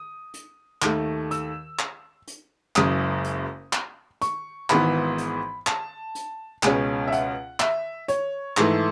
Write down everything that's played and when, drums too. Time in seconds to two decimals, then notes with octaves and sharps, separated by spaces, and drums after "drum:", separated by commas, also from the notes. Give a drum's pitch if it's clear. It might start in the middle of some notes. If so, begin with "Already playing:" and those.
Already playing: D#6
0.34 drum: hi-hat
0.82 D#2 D#3 A3, drum: clap
1.31 E6, drum: hi-hat
1.79 drum: clap
2.28 drum: hi-hat
2.76 F#1 F#2 C#3 G#3 D#6, drum: clap
3.24 drum: hi-hat
3.73 drum: clap
4.22 C#6, drum: hi-hat
4.70 G#1 G#2 E3 B3 B5, drum: clap
5.18 drum: hi-hat
5.67 A5, drum: clap
6.15 drum: hi-hat
6.63 C#2 B2 G#3 C#4 G#5, drum: clap
7.08 E5
7.12 F#5, drum: hi-hat
7.60 E5, drum: clap
8.08 C#5, drum: hi-hat
8.57 G#2 E3 A3, drum: clap